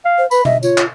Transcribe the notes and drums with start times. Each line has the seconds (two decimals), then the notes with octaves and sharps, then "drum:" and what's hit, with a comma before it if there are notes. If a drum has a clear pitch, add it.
0.05 F5
0.18 C5
0.31 B4 B5, drum: tambourine
0.45 D#5 E5, drum: tom B2
0.63 F4 C#5, drum: tambourine
0.78 drum: clap